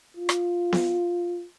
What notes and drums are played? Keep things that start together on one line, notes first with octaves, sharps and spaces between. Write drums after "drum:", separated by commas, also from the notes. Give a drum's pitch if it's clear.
F4
drum: rim click
drum: snare B3